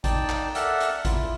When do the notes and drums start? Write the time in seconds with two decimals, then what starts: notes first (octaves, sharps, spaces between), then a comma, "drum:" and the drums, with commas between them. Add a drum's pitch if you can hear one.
0.04 D#4 D5 G5 A5, drum: kick G#1, hi-hat
0.29 drum: clap
0.55 A4 A#4 D5 E5 F#5, drum: hi-hat
0.80 drum: hi-hat
1.05 E4 F4, drum: kick G#1, hi-hat